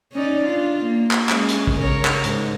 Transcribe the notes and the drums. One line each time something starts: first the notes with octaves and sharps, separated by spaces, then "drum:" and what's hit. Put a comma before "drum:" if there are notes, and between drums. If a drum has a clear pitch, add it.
C#4 D#4 D5
D4 F4
A#3
drum: clap
G#3 C#4, drum: clap
drum: hi-hat
drum: kick
C#3 A#4 C#5
drum: clap
G#2, drum: hi-hat